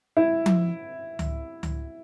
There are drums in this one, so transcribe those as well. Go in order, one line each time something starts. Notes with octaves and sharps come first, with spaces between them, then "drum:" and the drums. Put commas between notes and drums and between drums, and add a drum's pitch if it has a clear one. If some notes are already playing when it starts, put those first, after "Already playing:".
E4
drum: tom F3
drum: tom C#2
drum: tom C#2